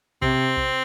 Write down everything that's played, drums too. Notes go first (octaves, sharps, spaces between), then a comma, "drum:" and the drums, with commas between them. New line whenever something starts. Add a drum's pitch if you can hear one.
C3 C4, drum: kick
drum: kick